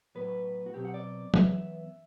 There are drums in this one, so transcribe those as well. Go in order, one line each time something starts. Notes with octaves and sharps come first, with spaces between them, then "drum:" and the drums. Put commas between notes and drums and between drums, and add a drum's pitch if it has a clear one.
A2 F#3 B3 B4
F#4
B2 F#3 C4 G4
F#5
D5
F#2 E3 B3 E5, drum: tom